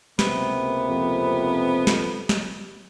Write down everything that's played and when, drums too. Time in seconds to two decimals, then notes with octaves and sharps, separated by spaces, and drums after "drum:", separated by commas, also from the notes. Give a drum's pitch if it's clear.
0.19 C#2 C3 A#3 B3, drum: snare
0.90 F2
1.87 drum: snare
2.29 drum: snare